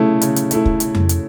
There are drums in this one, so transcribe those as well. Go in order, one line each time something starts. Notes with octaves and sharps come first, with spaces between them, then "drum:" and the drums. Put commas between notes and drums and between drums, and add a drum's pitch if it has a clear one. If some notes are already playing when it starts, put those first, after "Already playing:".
Already playing: C#3 A3 E4
C#3, drum: hi-hat
drum: hi-hat
A3 E4, drum: hi-hat
drum: kick
drum: hi-hat
drum: tom F2
drum: hi-hat